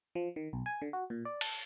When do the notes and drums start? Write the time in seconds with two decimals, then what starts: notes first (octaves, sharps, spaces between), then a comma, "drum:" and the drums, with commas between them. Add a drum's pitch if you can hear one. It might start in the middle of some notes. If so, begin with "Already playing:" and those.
0.15 F3
0.36 D#3
0.53 B1
0.66 G#5
0.82 D3
0.93 F#4
1.10 A#2
1.25 D5
1.41 A5, drum: cymbal